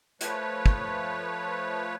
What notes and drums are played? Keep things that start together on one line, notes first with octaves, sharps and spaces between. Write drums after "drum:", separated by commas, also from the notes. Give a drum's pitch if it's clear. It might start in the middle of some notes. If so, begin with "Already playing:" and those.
F3 A3 B4 C#5, drum: hi-hat
drum: kick